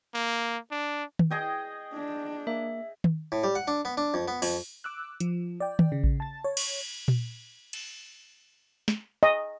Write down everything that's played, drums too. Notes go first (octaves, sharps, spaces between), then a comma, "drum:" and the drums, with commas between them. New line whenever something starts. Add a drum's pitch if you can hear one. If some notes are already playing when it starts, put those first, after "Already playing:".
A#3
D4
drum: tom D#3
G#4 D#5 G5
D4
A#3 E5
drum: tom D#3
A2
G3
F#5
D4
B3
D4
F2
B3
F2, drum: open hi-hat
D6 E6 F#6
F3, drum: hi-hat
D5 G5
drum: tom D#3
C#3
drum: kick A1
A5 A6
C#5
drum: cymbal
drum: tom A#2
drum: cymbal
drum: snare
D#5